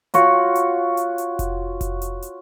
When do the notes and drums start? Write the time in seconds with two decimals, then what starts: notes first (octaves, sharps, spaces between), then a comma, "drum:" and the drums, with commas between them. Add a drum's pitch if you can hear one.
0.14 F4 F#4 C#5, drum: hi-hat
0.55 drum: hi-hat
0.97 drum: hi-hat
1.18 drum: hi-hat
1.39 drum: kick F1, hi-hat
1.81 drum: kick F1, hi-hat
2.02 drum: hi-hat
2.22 drum: hi-hat